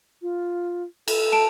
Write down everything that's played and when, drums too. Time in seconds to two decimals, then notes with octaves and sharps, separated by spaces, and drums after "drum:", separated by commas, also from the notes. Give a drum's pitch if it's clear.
0.22 F4
1.08 A4, drum: cymbal
1.32 A5 D7